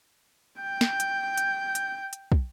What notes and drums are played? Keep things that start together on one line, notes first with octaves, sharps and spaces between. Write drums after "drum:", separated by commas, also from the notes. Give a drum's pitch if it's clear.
G5 G6
drum: snare
drum: hi-hat
drum: hi-hat
drum: hi-hat
drum: hi-hat
drum: kick